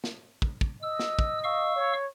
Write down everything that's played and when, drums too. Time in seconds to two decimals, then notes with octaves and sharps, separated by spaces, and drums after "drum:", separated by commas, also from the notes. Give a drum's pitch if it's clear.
0.04 drum: snare
0.42 drum: kick
0.61 drum: kick
0.83 D#5 E6
0.99 drum: snare
1.19 drum: kick
1.44 F5 C#6 E6
1.76 C#5